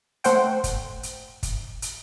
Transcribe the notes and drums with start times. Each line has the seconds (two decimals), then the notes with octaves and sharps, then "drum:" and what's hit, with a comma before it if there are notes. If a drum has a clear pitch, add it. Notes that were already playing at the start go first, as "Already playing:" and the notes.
0.24 A3 C5 F#5 G5, drum: hi-hat
0.64 drum: kick, hi-hat
1.03 drum: hi-hat
1.43 drum: kick, hi-hat
1.82 drum: hi-hat